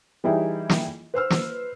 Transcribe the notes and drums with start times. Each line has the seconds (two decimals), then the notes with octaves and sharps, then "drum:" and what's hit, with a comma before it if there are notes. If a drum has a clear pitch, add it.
0.24 E3 G3 D#4 E4 G#4
0.69 drum: snare
1.14 B4 C5 E6 F6
1.30 drum: snare